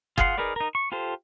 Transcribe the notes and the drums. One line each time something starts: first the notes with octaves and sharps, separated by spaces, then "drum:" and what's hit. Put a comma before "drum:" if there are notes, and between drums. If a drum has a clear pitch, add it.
F4 G#4 F5 F#5 C6, drum: kick F#1
D#4 G#4 A#4 B4 D5
D#4 A#4
C#6
F4 G4 A4 C5